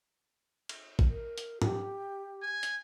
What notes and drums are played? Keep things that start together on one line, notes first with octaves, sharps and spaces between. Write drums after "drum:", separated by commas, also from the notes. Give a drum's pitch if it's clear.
drum: cymbal
drum: kick
A#4
drum: hi-hat
G4, drum: tom G#2
G#5
drum: hi-hat